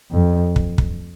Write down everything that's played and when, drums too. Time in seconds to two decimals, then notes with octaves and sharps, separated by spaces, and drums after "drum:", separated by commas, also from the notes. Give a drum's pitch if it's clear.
0.11 F2
0.56 drum: kick
0.78 drum: kick